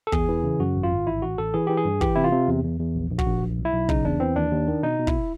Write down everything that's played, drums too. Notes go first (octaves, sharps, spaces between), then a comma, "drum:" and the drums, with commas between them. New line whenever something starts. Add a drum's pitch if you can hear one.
A4
E2 G#4, drum: kick
E3
C#3
F#2 F#4
G#1
F4
G#1
A1 E4
A1 F#4
A1 A4
E3 G#4
E3 G4
G#4
G2
E3 G4, drum: kick
C3 E4
F4
C3
E2
E2
E2
A#1
A#1
F#4, drum: kick
A#1
B1
B1
E4
B1
C#3 D#4, drum: kick
E2 D4
E3 C4
D#2 D4
D#2
D#3
B2 D#4
B2
E4, drum: kick